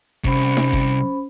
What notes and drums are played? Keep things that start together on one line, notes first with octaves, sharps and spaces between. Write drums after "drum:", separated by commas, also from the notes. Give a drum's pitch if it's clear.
C2 C#4 C5 B5, drum: kick G1
drum: snare D#4
drum: kick G1